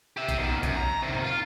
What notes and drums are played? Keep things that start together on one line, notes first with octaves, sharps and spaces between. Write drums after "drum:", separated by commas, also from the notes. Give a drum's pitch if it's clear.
G4 E5
drum: kick, hi-hat
B2 D#3
F#2, drum: kick, hi-hat
A#5
C3 D#3
drum: tom G#2
F4